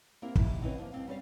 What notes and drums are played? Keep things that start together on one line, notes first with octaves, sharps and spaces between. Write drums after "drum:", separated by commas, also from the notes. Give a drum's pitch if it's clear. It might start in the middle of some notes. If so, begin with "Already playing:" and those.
A#3 C4 E4 G4 A#4
A3 C4 D#4 E4 G4, drum: kick
C4 C#4 D#4 E4 B4
F3 G#3 A#3
G2 E3 C4 F5
G3 C#4 D4 G4 D5 F5